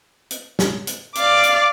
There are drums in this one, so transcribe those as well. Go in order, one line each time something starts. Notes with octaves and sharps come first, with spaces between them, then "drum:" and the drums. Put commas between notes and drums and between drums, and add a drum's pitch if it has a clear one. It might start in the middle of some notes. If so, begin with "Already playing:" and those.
drum: hi-hat
drum: snare
drum: hi-hat
D5 F5 D6, drum: hi-hat
drum: hi-hat